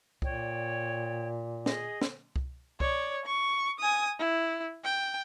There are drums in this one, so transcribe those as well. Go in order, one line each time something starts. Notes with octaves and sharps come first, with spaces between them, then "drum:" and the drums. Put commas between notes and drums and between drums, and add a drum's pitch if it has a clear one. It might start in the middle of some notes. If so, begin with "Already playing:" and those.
A#2 C#5 D5 G5, drum: kick C2
G#4 D#5, drum: snare
drum: snare
drum: kick C2
C#5 D5, drum: kick C2
C#6
G#5 D#6
E4
G5